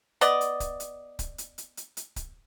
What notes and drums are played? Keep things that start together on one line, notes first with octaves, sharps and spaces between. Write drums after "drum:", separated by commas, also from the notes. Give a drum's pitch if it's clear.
B3 D5 D#5, drum: hi-hat
drum: hi-hat
drum: kick C#1, hi-hat
drum: hi-hat
drum: kick C#1, hi-hat
drum: hi-hat
drum: hi-hat
drum: hi-hat
drum: hi-hat
drum: kick C#1, hi-hat